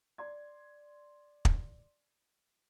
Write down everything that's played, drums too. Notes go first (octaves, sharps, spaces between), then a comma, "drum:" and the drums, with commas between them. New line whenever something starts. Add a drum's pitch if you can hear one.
D5 C6 G#6
drum: kick